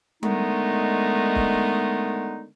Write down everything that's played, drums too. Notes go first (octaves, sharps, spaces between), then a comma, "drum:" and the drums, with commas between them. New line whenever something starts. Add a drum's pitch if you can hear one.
D3 D#3 G#3 A3 B3 D#4, drum: tom G3
drum: kick